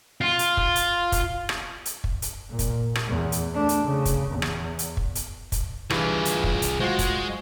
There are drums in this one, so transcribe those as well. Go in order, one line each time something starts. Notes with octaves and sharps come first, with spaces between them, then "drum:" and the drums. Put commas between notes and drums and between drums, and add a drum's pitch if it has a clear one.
F4
drum: hi-hat
drum: kick
drum: hi-hat
drum: kick, hi-hat
drum: rim click
drum: hi-hat
drum: kick
drum: hi-hat
A#2
drum: kick, hi-hat
drum: rim click
E2
drum: hi-hat
A3 D4
drum: hi-hat
C#3
drum: kick, hi-hat
E2
drum: rim click
drum: hi-hat
drum: kick
drum: hi-hat
drum: kick, hi-hat
G2 E3 F4 G#4, drum: rim click
drum: hi-hat
drum: kick
drum: hi-hat
G#3 F4 F#4 C5
drum: kick, hi-hat